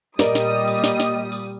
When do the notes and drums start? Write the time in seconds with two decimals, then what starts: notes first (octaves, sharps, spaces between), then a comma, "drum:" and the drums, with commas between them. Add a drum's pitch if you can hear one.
0.19 A#2 G3 A#4 D5 D#5 D#6, drum: snare
0.35 drum: snare
0.67 drum: open hi-hat
0.84 drum: snare
1.00 drum: snare
1.32 drum: open hi-hat